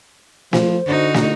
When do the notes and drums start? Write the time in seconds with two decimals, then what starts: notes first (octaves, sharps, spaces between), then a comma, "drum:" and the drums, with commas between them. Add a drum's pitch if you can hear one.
0.53 F3 C5, drum: snare
0.87 D3 D#4 F#4
1.14 drum: snare